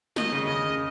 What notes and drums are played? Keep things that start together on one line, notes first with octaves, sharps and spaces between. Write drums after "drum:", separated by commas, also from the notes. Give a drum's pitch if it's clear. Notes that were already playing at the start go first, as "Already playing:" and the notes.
D#3 D#5, drum: snare
C#3
C#3 D#5
C#3